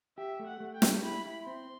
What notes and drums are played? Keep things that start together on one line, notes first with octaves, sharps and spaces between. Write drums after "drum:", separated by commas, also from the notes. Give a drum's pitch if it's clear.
G4 E5
A3
F#5
A3
G5
G4, drum: snare
E4 B5
E4
C4 C6